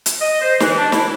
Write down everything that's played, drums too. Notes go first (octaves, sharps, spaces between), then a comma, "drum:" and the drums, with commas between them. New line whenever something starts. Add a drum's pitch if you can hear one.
drum: hi-hat
D#5
C5
E3, drum: snare
D4
E4, drum: snare